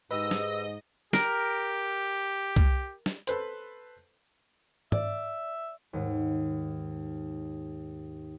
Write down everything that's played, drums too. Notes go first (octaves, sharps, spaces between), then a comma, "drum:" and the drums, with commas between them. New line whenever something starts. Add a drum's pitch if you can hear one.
G#2 G4 B4 D#5 E6
drum: snare
G4 A#4, drum: snare
drum: kick
drum: snare
A4 B4 C5, drum: hi-hat
D5 E5, drum: tom G#2
D#2 G#2